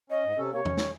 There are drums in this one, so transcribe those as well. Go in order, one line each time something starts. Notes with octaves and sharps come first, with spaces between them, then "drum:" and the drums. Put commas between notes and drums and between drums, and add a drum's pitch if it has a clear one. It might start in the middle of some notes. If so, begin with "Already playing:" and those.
C#4 D#5
G#2
C3 C#4 A4
C3 A#3 C#5
C#4, drum: tom E2
drum: snare